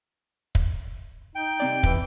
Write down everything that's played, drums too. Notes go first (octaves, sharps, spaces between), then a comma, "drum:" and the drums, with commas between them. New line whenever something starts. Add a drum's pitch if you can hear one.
drum: kick
D#4 G5
C3 C4 D5
E3, drum: kick